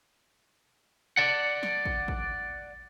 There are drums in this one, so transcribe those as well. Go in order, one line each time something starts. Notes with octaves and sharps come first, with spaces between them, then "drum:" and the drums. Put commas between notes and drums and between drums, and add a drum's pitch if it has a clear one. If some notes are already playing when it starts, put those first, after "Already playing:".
D5 F#5
drum: snare
drum: kick
drum: kick